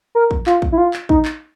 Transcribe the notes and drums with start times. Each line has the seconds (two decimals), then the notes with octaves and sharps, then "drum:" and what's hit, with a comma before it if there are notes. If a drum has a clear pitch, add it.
0.15 A#4
0.31 drum: kick
0.46 F4, drum: clap
0.62 drum: kick
0.72 E4
0.78 F4
0.94 drum: clap
1.09 D#4, drum: kick
1.25 drum: clap